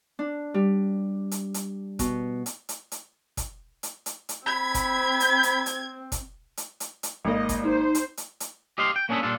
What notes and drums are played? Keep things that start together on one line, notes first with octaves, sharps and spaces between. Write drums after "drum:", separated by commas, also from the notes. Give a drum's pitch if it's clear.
D4
G3
drum: hi-hat
drum: hi-hat
B2, drum: kick, hi-hat
drum: hi-hat
drum: hi-hat
drum: hi-hat
drum: kick, hi-hat
drum: hi-hat
drum: hi-hat
drum: hi-hat
C4 B5 G#6
drum: kick, hi-hat
drum: hi-hat
drum: hi-hat
drum: hi-hat
drum: kick, hi-hat
drum: hi-hat
drum: hi-hat
drum: hi-hat
G#1 A#3 D#5
drum: kick, hi-hat
D#4 C5
drum: hi-hat
drum: hi-hat
drum: hi-hat
G4 D#5 F5 C6
G5
A#3 C#4 D4 G#4 A4 B4
A#2 G3 D4 F4 A4